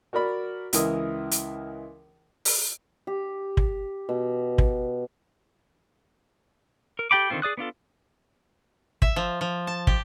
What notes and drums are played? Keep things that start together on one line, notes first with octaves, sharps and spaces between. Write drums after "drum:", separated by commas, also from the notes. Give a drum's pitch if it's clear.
F#4 A#4 D5 B5
C#2 E3 E4 A#4 D#6, drum: hi-hat
drum: hi-hat
drum: open hi-hat
G4
drum: kick
B2
drum: kick
A#4
G4 A4 G5 B5 D6
D3 D#3 G3 C4 F4
G#4 D5 D#6 F#6
B3 D4 F4 A4
E5, drum: kick
F3
F3
A5
G4, drum: kick